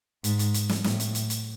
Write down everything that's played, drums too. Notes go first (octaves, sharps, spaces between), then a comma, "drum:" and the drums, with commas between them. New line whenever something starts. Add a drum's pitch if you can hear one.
G#2, drum: hi-hat
drum: hi-hat
drum: hi-hat
drum: snare
A2, drum: snare
drum: hi-hat
drum: hi-hat
drum: hi-hat